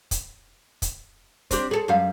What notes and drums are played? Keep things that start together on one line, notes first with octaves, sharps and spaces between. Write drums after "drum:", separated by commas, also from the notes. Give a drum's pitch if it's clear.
drum: kick, hi-hat
drum: kick, hi-hat
C4 D4 G4, drum: kick, hi-hat
G#4 A4
F#2 G3 F5